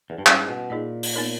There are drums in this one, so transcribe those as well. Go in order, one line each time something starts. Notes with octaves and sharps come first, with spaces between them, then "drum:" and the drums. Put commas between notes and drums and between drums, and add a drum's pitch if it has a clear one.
E2
G2
G#2 G3 C#4 E4, drum: clap
B2
A#2 D#4 G#4 D#5
drum: open hi-hat
B3 D#4 A#4 C#5